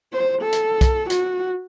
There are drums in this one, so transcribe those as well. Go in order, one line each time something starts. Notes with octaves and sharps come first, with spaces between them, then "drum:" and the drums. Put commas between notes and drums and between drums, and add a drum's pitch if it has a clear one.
C5
A4
drum: hi-hat
drum: kick, hi-hat
F#4, drum: hi-hat